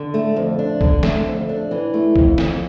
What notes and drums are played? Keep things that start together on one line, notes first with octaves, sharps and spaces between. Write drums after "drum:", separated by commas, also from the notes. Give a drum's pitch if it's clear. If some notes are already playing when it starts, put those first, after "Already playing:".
Already playing: D3
A3
F2
D4
D3, drum: kick B1
A3, drum: snare
F2
D4
E3
A3
F2, drum: kick B1
F2, drum: snare